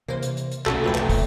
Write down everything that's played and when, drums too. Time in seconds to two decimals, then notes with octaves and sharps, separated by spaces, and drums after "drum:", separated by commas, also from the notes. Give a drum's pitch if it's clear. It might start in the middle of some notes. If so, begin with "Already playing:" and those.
0.08 C3 E3 A#3 C5
0.23 drum: hi-hat
0.37 drum: hi-hat
0.52 drum: hi-hat
0.66 B1 A#2 D#3 A3 C#4 F#4 A4, drum: clap
0.84 B1 F2 C#3 F4 B4 G5
0.95 drum: clap
1.09 drum: kick, open hi-hat